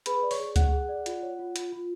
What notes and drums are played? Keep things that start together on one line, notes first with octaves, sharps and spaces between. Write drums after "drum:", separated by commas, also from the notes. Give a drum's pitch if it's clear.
G#4 B4 B5, drum: hi-hat
D5
C#5 C#6, drum: open hi-hat
G#4
G#4 F#5 F#6, drum: kick C#2, hi-hat
G#4
D5
F4, drum: hi-hat
C#5
F4
F4, drum: hi-hat
F4